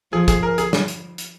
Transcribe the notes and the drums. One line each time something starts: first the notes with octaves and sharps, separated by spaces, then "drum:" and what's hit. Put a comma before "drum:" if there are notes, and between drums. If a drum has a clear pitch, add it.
F3 G#4
G#4, drum: kick, hi-hat
A#4
G#4, drum: hi-hat
drum: snare
drum: hi-hat
drum: hi-hat